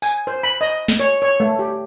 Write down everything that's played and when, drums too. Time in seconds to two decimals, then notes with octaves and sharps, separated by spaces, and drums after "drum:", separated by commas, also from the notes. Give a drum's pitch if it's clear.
0.02 G#5, drum: tambourine
0.27 C5
0.43 B5
0.61 D#5
0.88 drum: snare
1.00 C#5
1.22 C#5
1.40 A3
1.59 G4